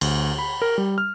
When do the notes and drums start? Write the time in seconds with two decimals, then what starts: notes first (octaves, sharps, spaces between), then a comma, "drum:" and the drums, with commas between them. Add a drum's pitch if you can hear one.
0.01 D2, drum: cymbal
0.39 B5
0.62 A#4
0.78 G3
0.98 F6